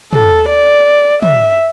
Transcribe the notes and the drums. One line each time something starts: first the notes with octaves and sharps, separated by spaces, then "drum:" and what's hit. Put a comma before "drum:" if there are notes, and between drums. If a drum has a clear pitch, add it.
A4, drum: tom
D5
E5, drum: tom